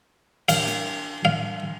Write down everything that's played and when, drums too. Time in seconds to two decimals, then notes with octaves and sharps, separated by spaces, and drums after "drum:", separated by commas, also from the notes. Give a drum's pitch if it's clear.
0.49 F5, drum: cymbal
0.67 drum: hi-hat
1.25 F5